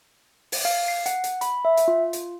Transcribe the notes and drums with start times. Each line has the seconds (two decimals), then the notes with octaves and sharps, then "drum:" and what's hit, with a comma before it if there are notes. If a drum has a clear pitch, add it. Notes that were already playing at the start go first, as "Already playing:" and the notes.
0.52 drum: open hi-hat
0.65 F5
0.88 C7
1.06 F#5, drum: hi-hat
1.24 drum: hi-hat
1.41 B5, drum: hi-hat
1.65 E5
1.77 drum: hi-hat
1.88 F4
2.13 drum: hi-hat